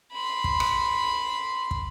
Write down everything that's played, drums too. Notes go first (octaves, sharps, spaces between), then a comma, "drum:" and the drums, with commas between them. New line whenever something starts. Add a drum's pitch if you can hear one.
B5 C6
drum: kick
drum: rim click
drum: kick